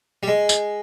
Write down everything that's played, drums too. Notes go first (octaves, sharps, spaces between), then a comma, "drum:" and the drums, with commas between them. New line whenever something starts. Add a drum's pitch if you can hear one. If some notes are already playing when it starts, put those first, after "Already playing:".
G3
G#3
drum: tambourine